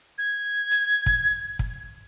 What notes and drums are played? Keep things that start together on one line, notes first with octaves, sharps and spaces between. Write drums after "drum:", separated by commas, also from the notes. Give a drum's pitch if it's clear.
G#6
drum: hi-hat
drum: kick
drum: kick